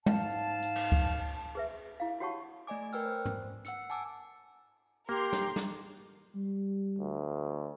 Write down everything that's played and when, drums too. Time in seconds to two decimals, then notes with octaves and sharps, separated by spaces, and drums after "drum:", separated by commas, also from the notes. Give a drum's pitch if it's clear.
0.06 G#2 F5 A5, drum: tom
0.62 drum: hi-hat
0.76 drum: cymbal
0.92 drum: kick C#2
1.55 G#4 B4 E5
2.00 E4 F5
2.20 F#4 G4 C#5 F#5 A5 C#6
2.67 A3 D5 D#5 G#5 D6
2.93 A#4 B4 G5 E6 F6
3.06 C5
3.25 drum: tom
3.65 F#5 E6 C#7, drum: hi-hat
3.90 G#5 A5 D6 E6
5.09 A#3 G4 A#4 C6
5.33 drum: snare
5.56 drum: snare
6.35 G3
6.98 D2